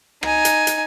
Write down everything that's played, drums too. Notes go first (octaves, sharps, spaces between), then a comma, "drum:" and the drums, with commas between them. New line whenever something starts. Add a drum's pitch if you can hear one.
D#4 G#5, drum: rim click
drum: hi-hat
drum: hi-hat